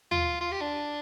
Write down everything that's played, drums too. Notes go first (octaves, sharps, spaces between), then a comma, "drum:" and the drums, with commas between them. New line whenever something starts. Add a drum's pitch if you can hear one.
F4, drum: tom D#2
F4
G4
D4